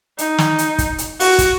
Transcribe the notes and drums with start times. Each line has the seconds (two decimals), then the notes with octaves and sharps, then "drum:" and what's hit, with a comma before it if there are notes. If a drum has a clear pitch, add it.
0.18 D#4, drum: hi-hat
0.38 drum: snare
0.58 drum: hi-hat
0.78 drum: kick, hi-hat
0.98 drum: hi-hat
1.20 F#4, drum: open hi-hat
1.38 drum: kick, hi-hat